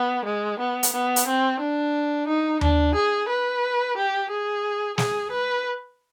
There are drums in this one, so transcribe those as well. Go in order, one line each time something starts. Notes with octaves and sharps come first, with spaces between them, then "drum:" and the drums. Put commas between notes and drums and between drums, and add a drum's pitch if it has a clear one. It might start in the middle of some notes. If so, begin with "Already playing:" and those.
Already playing: B3
G#3
B3
drum: hi-hat
B3
drum: hi-hat
C4
D4
D#4
D4, drum: tom D#2
G#4
B4
G4
G#4
G#4, drum: snare
B4